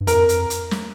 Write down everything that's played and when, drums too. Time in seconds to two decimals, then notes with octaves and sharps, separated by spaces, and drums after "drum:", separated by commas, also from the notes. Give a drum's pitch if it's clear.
0.01 G2
0.07 F2 A#4, drum: hi-hat
0.29 drum: hi-hat
0.50 drum: hi-hat
0.71 drum: snare